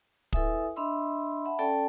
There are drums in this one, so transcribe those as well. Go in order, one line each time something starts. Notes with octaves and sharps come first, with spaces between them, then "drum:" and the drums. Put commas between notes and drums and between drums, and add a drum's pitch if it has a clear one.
E4 A4 B4 E5 G#5 D#6, drum: kick
D4 D#5 E5 B5 C6 E6
E5 F#5 A5 B5
C#4 A4 D5 G5 A5